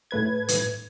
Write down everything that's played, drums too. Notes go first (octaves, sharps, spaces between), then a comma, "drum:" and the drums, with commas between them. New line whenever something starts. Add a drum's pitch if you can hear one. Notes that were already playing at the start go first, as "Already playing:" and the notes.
A2 A3 B4 G#6
drum: hi-hat